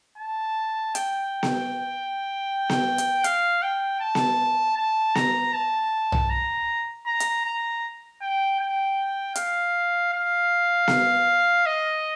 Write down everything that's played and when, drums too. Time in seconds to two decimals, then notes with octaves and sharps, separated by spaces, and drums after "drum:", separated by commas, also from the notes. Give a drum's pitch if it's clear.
0.18 A5
0.95 G5, drum: hi-hat
1.43 drum: snare B3
2.69 drum: snare B3
2.98 drum: hi-hat
3.24 F5, drum: hi-hat
3.63 G5
4.00 A5
4.15 drum: snare B3
4.77 A5
5.15 A#5, drum: snare B3
5.54 A5
6.12 drum: tom
6.30 A#5
7.06 A#5
7.20 drum: hi-hat
7.45 A#5
8.21 G5
8.60 G5
9.35 F5, drum: hi-hat
10.13 F5
10.88 drum: snare B3
11.66 D#5